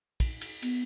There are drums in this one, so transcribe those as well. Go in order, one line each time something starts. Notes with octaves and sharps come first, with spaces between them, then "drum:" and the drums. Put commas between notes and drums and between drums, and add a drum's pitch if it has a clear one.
drum: kick, cymbal
drum: cymbal
B3, drum: cymbal